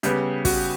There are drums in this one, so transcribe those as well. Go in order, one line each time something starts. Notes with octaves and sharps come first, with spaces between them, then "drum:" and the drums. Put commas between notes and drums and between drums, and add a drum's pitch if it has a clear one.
C#3 G3 B3 G4, drum: hi-hat
F#4, drum: kick, open hi-hat